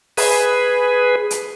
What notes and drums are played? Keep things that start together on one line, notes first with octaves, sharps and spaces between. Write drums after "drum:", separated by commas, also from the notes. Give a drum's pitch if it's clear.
G#4 B4, drum: open hi-hat
drum: hi-hat